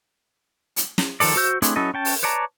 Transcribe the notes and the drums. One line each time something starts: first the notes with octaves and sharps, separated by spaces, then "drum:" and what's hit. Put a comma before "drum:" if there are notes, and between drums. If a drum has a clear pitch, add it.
drum: hi-hat
drum: snare
D#3 F3 A4 D5, drum: open hi-hat
F#4 C5 E6 G6
A3 C4 D4 E4 G#4, drum: hi-hat
F#3 C#4 E4 A4 D#5
C#4 G5 A5
drum: open hi-hat
B4 C#5 D5 A5 A#5